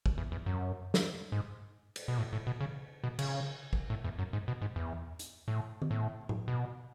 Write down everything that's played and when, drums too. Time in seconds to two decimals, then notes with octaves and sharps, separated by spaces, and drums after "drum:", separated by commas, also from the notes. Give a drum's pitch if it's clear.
0.06 drum: kick
0.18 E2
0.32 E2
0.46 F#2
0.94 drum: snare
1.32 G#2
1.96 drum: cymbal
2.08 B2
2.18 A2
2.33 A2
2.47 B2
2.61 C#3
3.04 B2
3.19 C#3, drum: cymbal
3.73 drum: kick
3.90 A2
4.04 E2
4.19 F#2
4.33 G#2
4.48 B2
4.62 G#2
4.76 E2
5.19 drum: hi-hat
5.48 A2
5.82 drum: tom D#3
5.91 A2
6.29 drum: tom A2
6.48 B2